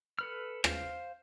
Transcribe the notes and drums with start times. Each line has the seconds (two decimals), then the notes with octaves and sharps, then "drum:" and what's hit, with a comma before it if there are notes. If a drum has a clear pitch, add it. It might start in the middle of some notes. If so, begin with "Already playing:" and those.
0.19 A4 B4 F6
0.64 C5 F5, drum: rim click